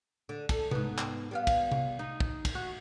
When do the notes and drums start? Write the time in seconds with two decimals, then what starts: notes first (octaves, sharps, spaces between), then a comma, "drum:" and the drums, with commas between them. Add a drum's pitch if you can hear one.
0.29 D3
0.49 A4, drum: kick, cymbal
0.71 G#2 B3, drum: tom C3
0.98 drum: clap
1.31 G3 B3 F5
1.47 drum: kick, cymbal
1.72 drum: tom C3
1.99 D#4
2.20 drum: kick
2.45 drum: kick, cymbal
2.55 F#4